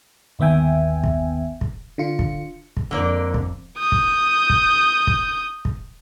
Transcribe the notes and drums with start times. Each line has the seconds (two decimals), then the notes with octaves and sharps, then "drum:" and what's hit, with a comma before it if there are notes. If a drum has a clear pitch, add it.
0.39 G1 D#2 B3 E5 G5 G#5
1.04 drum: kick
1.61 drum: kick
1.98 D3 F4 C#7
2.19 drum: kick
2.77 drum: kick
2.91 F2 D3 A#3 D5
3.34 drum: kick
3.78 D#6 G6
3.92 drum: kick
4.50 drum: kick
5.07 drum: kick
5.65 drum: kick